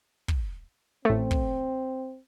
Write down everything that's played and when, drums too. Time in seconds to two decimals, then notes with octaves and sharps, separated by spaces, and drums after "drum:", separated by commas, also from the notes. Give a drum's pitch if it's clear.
0.28 drum: kick
1.05 A1 A3 C4
1.31 drum: kick